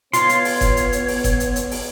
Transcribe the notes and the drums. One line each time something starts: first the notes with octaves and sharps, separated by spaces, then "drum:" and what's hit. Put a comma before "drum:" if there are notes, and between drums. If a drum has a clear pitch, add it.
B3 F4 C#5 C6, drum: hi-hat
drum: hi-hat
drum: open hi-hat
drum: kick F#1, hi-hat
drum: hi-hat
drum: hi-hat
drum: open hi-hat
drum: kick F#1, hi-hat
drum: hi-hat
drum: hi-hat
drum: open hi-hat